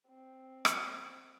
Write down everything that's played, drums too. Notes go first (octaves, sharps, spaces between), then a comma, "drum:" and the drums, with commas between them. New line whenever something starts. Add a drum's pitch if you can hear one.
C4
drum: rim click